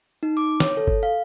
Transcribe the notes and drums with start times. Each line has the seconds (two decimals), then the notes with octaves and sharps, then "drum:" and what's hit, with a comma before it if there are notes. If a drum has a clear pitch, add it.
0.23 D#4
0.37 D6
0.60 C#5, drum: snare
0.77 A4
0.87 drum: kick
1.03 F5